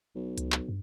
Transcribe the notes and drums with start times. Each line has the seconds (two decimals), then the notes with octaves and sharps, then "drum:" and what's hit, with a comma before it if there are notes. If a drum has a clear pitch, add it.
0.15 B1
0.38 C#2, drum: hi-hat
0.52 drum: clap
0.68 G2